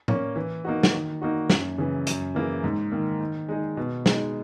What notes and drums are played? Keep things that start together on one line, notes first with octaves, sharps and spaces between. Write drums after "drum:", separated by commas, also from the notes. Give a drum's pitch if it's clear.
A#3 C#4, drum: tom A2
E3
A#3 D#4 F#4
drum: snare
D#3
A#3 D#4 F#4
F#2, drum: snare
C#3 E3
F#2, drum: hi-hat
E3 A#3 E4 G#4
G#2
D#3 A#3
D#3
G#3 D#4 G#4
B2
G#3 D#4, drum: snare